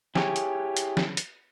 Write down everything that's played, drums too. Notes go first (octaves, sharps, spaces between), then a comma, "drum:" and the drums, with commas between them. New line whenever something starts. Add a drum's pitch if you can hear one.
E4 G4 G#4 C#5, drum: snare
drum: hi-hat
drum: hi-hat
drum: snare
drum: hi-hat